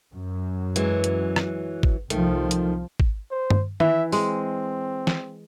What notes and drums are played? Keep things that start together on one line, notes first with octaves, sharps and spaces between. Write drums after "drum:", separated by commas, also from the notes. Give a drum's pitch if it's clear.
F#2
E3 F#3 G#3, drum: hi-hat
drum: hi-hat
drum: rim click
drum: kick G#1
C2 D#3 F3 A3, drum: hi-hat
drum: hi-hat
drum: kick G#1
C5
drum: tom G2
E3 E5, drum: tom D#3
G#3 C4, drum: open hi-hat
drum: snare